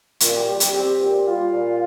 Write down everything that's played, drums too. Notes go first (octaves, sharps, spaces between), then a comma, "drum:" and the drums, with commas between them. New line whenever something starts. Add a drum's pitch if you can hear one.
A#2 F4, drum: hi-hat
G4
G3 G4
G4, drum: hi-hat
C4 G4
A#2
G3 F4
A#2